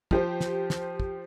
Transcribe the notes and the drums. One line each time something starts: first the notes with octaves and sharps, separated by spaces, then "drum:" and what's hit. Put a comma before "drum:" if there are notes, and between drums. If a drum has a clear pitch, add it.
F3 G4 C5, drum: kick
drum: snare
drum: snare
drum: kick